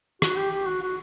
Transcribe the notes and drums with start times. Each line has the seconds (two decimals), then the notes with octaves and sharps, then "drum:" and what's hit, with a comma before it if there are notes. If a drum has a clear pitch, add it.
0.22 F#4, drum: rim click
0.36 G4
0.52 G4
0.66 F#4
0.82 F#4